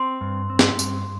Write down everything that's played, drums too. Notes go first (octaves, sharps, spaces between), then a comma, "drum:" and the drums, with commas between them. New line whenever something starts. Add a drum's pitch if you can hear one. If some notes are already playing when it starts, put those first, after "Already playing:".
Already playing: C4 C6
G2
C4
drum: snare
G2, drum: tambourine